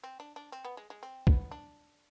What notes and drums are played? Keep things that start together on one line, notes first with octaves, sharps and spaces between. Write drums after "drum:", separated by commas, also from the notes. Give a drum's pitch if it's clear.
C4
D4
D4
C4
B3
G#3
G#3
C4
B3, drum: kick
D4